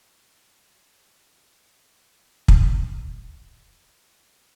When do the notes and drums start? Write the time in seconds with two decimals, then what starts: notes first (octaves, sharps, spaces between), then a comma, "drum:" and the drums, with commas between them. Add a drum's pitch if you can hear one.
0.19 F4 E5
0.52 F#4 F#5
1.01 G3 A3
1.75 B3
2.48 drum: kick
3.07 D4 F#4
3.38 F2 C3 F#4